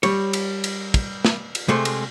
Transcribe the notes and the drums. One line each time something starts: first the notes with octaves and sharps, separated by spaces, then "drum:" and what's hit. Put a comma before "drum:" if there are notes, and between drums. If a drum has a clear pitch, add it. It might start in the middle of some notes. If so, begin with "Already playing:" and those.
G3 C#5, drum: cymbal
drum: cymbal
drum: cymbal
drum: kick, cymbal
drum: snare
drum: cymbal
C3 G#3 A3
drum: cymbal